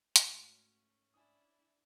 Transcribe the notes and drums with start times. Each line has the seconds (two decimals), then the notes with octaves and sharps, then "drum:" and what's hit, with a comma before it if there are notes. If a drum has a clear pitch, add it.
0.16 G#2 A3 C#4 F#4, drum: hi-hat
1.14 D4 E4 G#5 D#6